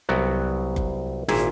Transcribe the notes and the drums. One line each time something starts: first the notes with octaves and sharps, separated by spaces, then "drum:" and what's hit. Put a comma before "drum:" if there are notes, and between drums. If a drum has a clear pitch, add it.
C2 F#3 B3 F#4 G5
drum: kick F#1
G#1 A#2 E4 G#4 E5, drum: snare